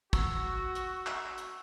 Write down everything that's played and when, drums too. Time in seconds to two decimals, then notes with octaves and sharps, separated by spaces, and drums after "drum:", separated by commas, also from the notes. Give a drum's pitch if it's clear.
0.13 F#4 C#6 E6, drum: kick, hi-hat
0.75 drum: hi-hat
1.07 drum: clap
1.38 drum: hi-hat